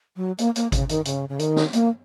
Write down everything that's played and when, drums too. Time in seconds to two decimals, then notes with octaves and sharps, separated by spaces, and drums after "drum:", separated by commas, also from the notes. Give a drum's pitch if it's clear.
0.16 F#3
0.38 A#3, drum: hi-hat
0.56 A#3, drum: hi-hat
0.72 C#3, drum: kick G#1, hi-hat
0.89 D#3, drum: hi-hat
1.05 C#3, drum: hi-hat
1.29 C#3
1.39 D#3, drum: hi-hat
1.56 drum: snare
1.73 A#3, drum: hi-hat